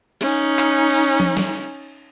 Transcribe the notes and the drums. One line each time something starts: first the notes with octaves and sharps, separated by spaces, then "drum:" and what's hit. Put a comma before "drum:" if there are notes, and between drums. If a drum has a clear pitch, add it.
C#4 D#4, drum: cymbal
drum: clap
drum: cymbal
drum: tom F3
drum: snare